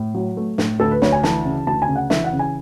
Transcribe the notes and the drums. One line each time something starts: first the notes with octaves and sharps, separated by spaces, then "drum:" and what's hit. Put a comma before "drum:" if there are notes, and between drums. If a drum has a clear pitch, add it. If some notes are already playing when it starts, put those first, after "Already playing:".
Already playing: A2
F#3
A3
A2, drum: snare
D2 A4
B4
D2 C#5, drum: snare
G#5
E3 A5, drum: snare
C#3
D2 A5
G#5
C#3
F#5
E3 E5, drum: snare
F#5
C#3
G#5